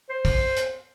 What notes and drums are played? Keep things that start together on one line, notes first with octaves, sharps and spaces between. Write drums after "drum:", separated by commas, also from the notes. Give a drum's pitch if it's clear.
C5
drum: kick, open hi-hat
drum: hi-hat